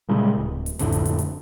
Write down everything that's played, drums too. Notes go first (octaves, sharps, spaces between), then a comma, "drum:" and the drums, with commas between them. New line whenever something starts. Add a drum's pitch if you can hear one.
A#2 C#3 G3 G#3
D1
drum: hi-hat
F2 A2 D3, drum: kick, hi-hat
drum: hi-hat
drum: hi-hat
drum: hi-hat